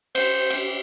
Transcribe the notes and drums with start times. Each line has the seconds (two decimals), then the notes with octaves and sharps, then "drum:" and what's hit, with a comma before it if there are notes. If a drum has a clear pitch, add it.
0.15 C5, drum: cymbal
0.50 drum: cymbal